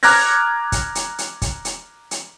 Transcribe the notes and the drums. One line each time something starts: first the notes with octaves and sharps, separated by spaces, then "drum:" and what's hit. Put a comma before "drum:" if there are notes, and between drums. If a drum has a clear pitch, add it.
A#5 D6 F6 F#6 G#6 A#6, drum: open hi-hat
drum: kick, hi-hat
drum: hi-hat
drum: hi-hat
drum: kick, hi-hat
drum: hi-hat
drum: hi-hat